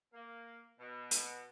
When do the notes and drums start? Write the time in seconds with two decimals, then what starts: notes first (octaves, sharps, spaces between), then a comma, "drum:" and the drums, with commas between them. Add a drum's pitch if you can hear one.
0.14 A#3
0.80 B2
1.11 drum: hi-hat